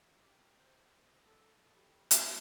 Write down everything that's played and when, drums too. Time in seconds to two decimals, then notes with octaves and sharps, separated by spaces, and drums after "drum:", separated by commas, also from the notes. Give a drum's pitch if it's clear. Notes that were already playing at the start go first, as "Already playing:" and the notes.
0.21 G4
0.60 C5
1.07 D#5
1.26 A4
1.75 G3
2.11 D#3, drum: hi-hat